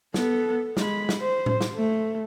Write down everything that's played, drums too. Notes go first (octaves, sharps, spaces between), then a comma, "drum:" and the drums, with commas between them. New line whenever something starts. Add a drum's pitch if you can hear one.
B3 A4, drum: snare
G#3 B5, drum: snare
drum: snare
C5
drum: tom A2
drum: snare
A3